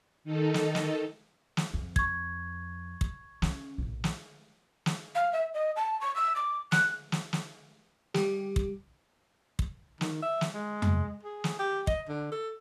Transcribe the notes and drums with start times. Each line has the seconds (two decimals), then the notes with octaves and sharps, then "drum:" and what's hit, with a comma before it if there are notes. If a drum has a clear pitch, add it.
0.24 D#3 D#4 A4
0.54 drum: snare
0.75 drum: snare
1.57 drum: snare
1.74 F2
1.96 C#6 G#6, drum: kick
3.01 drum: kick
3.42 C#4, drum: snare
3.78 A#1 A2
4.04 drum: snare
4.86 drum: snare
5.15 F5
5.33 E5
5.54 D#5
5.76 A5
6.01 C#6
6.16 E6
6.36 D6
6.72 F#6, drum: snare
7.12 drum: snare
7.33 drum: snare
8.14 G3 G4, drum: snare
8.56 drum: kick
9.59 drum: kick
10.01 D#3, drum: snare
10.22 E5
10.41 drum: snare
10.53 G#3
10.82 drum: tom F2
11.23 G#4
11.44 drum: snare
11.59 G4
11.87 D#5, drum: kick
12.09 D3
12.32 A4